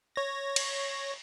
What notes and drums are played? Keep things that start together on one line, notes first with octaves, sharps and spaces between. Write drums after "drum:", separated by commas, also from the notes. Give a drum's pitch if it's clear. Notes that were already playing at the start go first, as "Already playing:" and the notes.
C#5 A#6
drum: cymbal